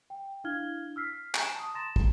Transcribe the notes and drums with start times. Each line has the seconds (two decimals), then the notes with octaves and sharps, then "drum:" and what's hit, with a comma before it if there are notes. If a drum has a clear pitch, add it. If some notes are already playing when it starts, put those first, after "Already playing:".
0.10 G5
0.44 D4 E4 F5 F6 G#6 G7
0.96 E6 F6 B6 C7
1.35 G#5 A#5 C#6 E7, drum: clap
1.55 A5 D#6
1.75 A5 A#5 C6 A6 A#6 E7
1.96 drum: kick